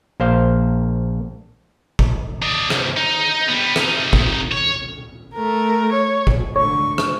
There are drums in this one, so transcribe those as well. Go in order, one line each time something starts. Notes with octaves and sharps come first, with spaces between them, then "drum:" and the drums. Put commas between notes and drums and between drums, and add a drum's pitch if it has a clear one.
A#1 A#3 C5 F5
drum: kick
D4 D#5
C2 G2, drum: rim click
D#4
G3 B3
C3 D#4, drum: rim click
drum: kick
C#5
A3 A#4
C#5
drum: kick
G#2 D3 A3 C#5 C#6
drum: rim click